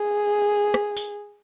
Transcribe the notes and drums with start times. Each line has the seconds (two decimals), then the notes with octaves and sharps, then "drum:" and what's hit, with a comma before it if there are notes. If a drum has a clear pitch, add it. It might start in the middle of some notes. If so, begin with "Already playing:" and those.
Already playing: G#4
0.74 drum: rim click
0.97 drum: open hi-hat